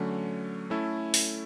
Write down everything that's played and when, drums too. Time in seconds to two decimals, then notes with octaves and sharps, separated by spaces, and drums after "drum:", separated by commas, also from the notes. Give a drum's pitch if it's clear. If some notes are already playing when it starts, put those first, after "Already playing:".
Already playing: D3 F#3 A3 C#4
0.70 A3 C#4 E4 A4
1.14 drum: open hi-hat